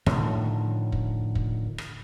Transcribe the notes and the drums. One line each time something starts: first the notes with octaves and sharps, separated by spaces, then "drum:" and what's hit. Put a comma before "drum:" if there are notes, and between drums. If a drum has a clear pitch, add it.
A2 D3 D#3 F3, drum: rim click
drum: kick
drum: kick
drum: rim click